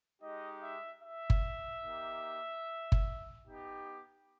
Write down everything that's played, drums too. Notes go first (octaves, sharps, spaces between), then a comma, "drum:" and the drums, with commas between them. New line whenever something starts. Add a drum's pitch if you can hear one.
G#3 D#4 G4 D#5
E5
E5
drum: kick G1
A#3 D#4 G4
drum: kick G1
B3 D#4 G4